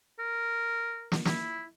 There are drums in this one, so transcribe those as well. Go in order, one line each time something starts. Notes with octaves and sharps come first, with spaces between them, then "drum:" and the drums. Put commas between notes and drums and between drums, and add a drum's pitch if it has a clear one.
A#4
drum: snare
E4, drum: snare